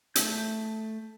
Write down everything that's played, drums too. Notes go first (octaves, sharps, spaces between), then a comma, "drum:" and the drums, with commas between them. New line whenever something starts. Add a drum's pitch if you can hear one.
A3 G6, drum: hi-hat